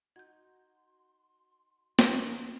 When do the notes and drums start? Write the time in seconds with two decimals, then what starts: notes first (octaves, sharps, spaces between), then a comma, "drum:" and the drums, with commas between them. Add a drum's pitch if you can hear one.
0.16 D#4 F#4 C6 G6 G#6
1.99 drum: snare